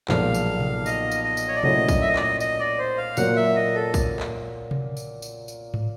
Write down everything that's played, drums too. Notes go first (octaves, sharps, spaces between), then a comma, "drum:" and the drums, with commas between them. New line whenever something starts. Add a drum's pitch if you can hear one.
B1 A#2 F3 G#3 F5, drum: clap
drum: tambourine
drum: tom C3
D#5, drum: tambourine
drum: tambourine
D#5
drum: tambourine
C#5
D5
A#2 F#3 A3 C#4 E4 D#5, drum: tom C3
drum: kick, tambourine
E5
D#5
D5, drum: clap
D#5
D#5, drum: tambourine
D5
C5
F5
A#2 F#3 A#3 F#5, drum: tambourine
E5
D#5
A4
drum: kick, tambourine
drum: clap
drum: tom C3
drum: tambourine
drum: tambourine
drum: tambourine
drum: tom